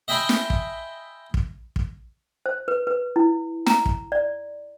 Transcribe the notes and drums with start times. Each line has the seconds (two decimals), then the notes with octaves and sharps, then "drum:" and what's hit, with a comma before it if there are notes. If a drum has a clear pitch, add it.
0.08 D#5 E5 G5 G#5 B5 C6
0.29 drum: snare
0.50 drum: kick
1.34 drum: kick
1.76 drum: kick
2.46 C5
2.68 B4
2.87 B4
3.16 E4
3.66 A#5, drum: snare
3.86 drum: kick
4.12 D5